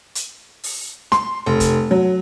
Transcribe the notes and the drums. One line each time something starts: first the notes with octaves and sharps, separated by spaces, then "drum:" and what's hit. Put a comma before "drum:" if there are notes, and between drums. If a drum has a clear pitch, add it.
drum: hi-hat
drum: open hi-hat
C6, drum: snare
F1
drum: kick, hi-hat
F#3